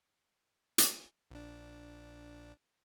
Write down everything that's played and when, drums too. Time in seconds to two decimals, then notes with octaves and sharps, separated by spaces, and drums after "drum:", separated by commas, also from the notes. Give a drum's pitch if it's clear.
0.78 drum: hi-hat
1.31 A#1 D4